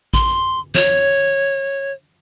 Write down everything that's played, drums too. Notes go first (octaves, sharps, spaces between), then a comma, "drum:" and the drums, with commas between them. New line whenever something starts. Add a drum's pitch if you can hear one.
C6, drum: kick A1
C#5, drum: snare